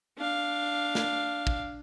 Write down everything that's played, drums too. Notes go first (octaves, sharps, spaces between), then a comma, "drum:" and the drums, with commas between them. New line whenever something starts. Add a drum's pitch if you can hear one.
D4 F5
drum: snare
drum: kick